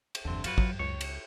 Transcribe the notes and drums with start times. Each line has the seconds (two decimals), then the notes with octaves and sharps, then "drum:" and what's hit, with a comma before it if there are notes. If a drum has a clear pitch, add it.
0.15 drum: cymbal
0.25 G1 E2 D3 C4
0.44 F#2 F4 F#4 B4, drum: cymbal
0.58 F#3, drum: kick
0.79 C#2 C#5
1.01 drum: cymbal